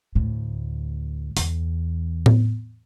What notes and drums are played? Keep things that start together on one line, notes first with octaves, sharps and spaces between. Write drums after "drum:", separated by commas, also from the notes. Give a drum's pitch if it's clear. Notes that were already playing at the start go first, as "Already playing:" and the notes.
D2 A2
E2, drum: open hi-hat
drum: tom A2